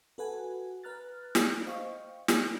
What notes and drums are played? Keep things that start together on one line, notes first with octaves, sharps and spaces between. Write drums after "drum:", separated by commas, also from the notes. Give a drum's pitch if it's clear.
F#4 A4 B4 F#5 G#5
B4 A#5 F6 F#6 A6
drum: snare
C5 D#5 F5 G5 C#6
drum: snare